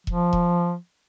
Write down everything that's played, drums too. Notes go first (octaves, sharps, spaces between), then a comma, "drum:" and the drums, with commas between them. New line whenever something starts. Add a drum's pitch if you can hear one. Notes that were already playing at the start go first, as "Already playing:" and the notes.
F3, drum: kick E1
drum: kick E1